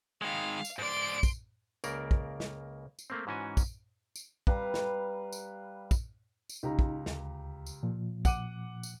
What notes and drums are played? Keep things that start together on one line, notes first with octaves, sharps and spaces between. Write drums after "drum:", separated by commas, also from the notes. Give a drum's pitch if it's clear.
D#3 G#3 F5
drum: tambourine
G#2 D5 C6 D7
drum: kick, tambourine
C#2 C#3 A#3 A#4 D5, drum: tambourine
drum: kick
drum: snare
drum: tambourine
A3 A#3 C4
G#2 E3 C#4 F#4 G#5
drum: kick, tambourine
drum: tambourine
G3 B4 F5 A#5, drum: kick
drum: snare
drum: tambourine
drum: kick, tambourine
drum: tambourine
C#2 D#4 G4 A#5
drum: kick
D2, drum: snare
drum: tambourine
A#2 F3
F#5 D6 D#7, drum: kick, tambourine
drum: tambourine